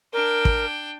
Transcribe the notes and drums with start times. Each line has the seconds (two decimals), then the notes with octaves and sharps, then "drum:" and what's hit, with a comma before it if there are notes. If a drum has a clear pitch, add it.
0.13 D4 A#4 G5
0.45 drum: kick